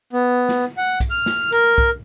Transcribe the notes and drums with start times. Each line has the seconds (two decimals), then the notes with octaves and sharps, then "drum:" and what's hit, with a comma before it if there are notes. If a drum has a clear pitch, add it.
0.13 B3
0.49 drum: snare
0.77 F#5
1.00 drum: kick B1, hi-hat
1.10 F6
1.26 drum: snare
1.52 A#4, drum: hi-hat
1.78 drum: kick B1